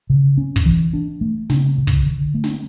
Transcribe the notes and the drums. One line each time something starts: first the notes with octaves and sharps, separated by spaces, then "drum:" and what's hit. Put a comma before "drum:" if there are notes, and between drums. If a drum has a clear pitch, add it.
C#3
C#4
drum: kick
E3
D4
A3
C#3, drum: snare
C#3
drum: kick
D3
A3
drum: snare